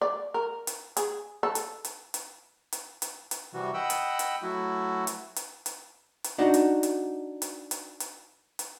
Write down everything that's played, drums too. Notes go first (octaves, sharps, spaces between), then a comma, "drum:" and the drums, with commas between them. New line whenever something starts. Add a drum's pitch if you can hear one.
D5
A#4
drum: hi-hat
G#4, drum: hi-hat
A4
drum: hi-hat
drum: hi-hat
drum: hi-hat
drum: hi-hat
drum: hi-hat
drum: hi-hat
C3 E3 G3 F#4
D#5 F#5 G5 B5 E6
drum: hi-hat
drum: hi-hat
F#3 A3 E4 F#4
drum: hi-hat
drum: hi-hat
drum: hi-hat
drum: hi-hat
D4 D#4 F#4
drum: hi-hat
drum: hi-hat
drum: hi-hat
drum: hi-hat
drum: hi-hat
drum: hi-hat